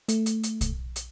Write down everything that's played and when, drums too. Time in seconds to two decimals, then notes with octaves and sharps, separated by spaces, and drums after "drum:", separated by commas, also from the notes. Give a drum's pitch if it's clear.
0.08 A3, drum: hi-hat
0.26 drum: hi-hat
0.43 drum: hi-hat
0.61 drum: kick, hi-hat
0.96 drum: hi-hat